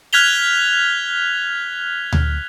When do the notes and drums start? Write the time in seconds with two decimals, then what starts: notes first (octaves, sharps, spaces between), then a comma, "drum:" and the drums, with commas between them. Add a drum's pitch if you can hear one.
0.13 F6 F#6 G#6 B6 F7 G7
2.13 drum: tom D2